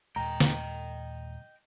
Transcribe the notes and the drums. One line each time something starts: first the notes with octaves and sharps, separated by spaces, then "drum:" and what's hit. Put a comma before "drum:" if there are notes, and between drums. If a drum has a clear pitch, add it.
D#2 A#2 G#3 D#5 G5 A#5
drum: snare